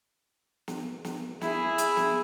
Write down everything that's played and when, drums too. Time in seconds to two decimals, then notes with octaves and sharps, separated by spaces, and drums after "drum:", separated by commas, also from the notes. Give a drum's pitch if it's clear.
0.68 drum: snare
1.05 drum: snare
1.41 E4 G#4, drum: snare
1.78 drum: hi-hat
1.97 drum: snare